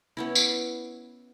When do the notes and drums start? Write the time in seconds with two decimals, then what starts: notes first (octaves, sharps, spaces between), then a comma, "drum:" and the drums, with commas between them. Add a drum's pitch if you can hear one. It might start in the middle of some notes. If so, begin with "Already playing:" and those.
0.17 B3 C#4 E4
0.35 drum: tambourine